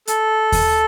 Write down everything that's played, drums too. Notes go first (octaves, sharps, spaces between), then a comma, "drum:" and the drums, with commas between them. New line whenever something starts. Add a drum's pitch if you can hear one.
A4, drum: hi-hat
drum: kick D#2, open hi-hat